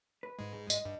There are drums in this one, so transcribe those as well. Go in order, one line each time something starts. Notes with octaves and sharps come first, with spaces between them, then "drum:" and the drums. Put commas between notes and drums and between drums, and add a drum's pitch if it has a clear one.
B4
G#2 G#3
D#5, drum: tambourine
G2